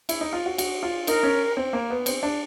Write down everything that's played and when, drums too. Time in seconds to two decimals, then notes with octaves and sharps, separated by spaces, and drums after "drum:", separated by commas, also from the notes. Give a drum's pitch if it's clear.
0.09 E4, drum: cymbal
0.21 D#4
0.33 F4
0.46 F#4
0.58 F#4, drum: cymbal
0.83 F4
1.07 D#4 A#4, drum: cymbal
1.23 C#4
1.57 C4
1.73 A#3
1.90 B3
2.06 C4, drum: cymbal
2.23 D4